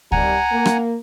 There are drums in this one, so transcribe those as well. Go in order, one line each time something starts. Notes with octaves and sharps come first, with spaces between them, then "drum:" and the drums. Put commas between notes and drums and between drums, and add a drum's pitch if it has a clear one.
C3 D#3 G3 F#5 G#5 A#5, drum: kick C#2
A#3
drum: rim click